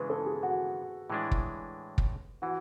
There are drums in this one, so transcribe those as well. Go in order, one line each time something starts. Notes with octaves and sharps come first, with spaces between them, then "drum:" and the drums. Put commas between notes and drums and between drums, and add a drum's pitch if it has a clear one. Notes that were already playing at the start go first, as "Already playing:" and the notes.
Already playing: C#3 E3 G#3 D4 B4
A4
G#4
F#4
A2 E3 G#3 D4
drum: kick
drum: kick
E3 F#4